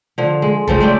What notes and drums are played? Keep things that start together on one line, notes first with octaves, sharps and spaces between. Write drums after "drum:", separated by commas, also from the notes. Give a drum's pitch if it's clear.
D3 F3
G#3
C#3 F3 C4 A4, drum: kick F#1
G#3 A3 D4 G5